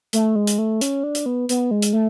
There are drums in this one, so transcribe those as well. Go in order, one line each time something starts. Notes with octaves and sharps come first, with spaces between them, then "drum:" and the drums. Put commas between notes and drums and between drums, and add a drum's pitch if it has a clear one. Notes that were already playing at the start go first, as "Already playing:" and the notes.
A3, drum: hi-hat
G#3
drum: hi-hat
A3
C#4, drum: hi-hat
D4
drum: hi-hat
B3
B3, drum: hi-hat
G#3
drum: hi-hat
A3